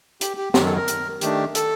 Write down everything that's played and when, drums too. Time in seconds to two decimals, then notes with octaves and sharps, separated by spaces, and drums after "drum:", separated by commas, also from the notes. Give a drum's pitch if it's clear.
0.21 G4, drum: hi-hat
0.37 G4
0.54 F#2 D#3 F#3 G4, drum: snare
0.65 A4
0.77 A#4
0.88 drum: hi-hat
1.21 D#3 A3 D4 G4, drum: hi-hat
1.55 A4, drum: hi-hat